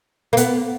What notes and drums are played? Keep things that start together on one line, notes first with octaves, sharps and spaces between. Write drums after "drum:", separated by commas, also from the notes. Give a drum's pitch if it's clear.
A#3
B3, drum: hi-hat